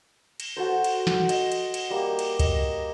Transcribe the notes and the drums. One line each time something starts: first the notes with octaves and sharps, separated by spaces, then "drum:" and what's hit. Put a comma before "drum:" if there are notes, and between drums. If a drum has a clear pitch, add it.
drum: cymbal
F#4 A4 C5
drum: cymbal
drum: snare
D#5, drum: cymbal
drum: cymbal
drum: cymbal
G3 A#3
drum: cymbal
D#5, drum: kick, cymbal